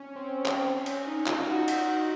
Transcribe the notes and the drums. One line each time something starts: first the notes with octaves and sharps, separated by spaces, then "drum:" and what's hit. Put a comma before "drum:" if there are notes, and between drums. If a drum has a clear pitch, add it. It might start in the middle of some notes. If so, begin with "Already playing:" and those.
Already playing: C#4
C4
C#4
C4, drum: clap
C#4
drum: cymbal
C#4 D#4
F4, drum: clap
F#4
D#4, drum: cymbal